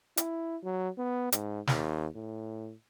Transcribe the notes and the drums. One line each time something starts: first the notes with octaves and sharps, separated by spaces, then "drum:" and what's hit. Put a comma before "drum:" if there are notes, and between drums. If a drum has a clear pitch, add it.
E4, drum: hi-hat
F#3
B3
G#2, drum: hi-hat
D#2, drum: snare
A2